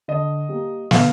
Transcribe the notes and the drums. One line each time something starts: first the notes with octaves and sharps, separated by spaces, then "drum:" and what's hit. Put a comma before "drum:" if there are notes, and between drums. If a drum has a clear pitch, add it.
D3 D#5
G3 A#3
D3 F5, drum: snare